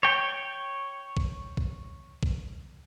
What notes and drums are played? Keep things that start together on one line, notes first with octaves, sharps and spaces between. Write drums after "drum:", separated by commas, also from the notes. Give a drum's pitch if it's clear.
C#5 G5
drum: kick
drum: kick
drum: kick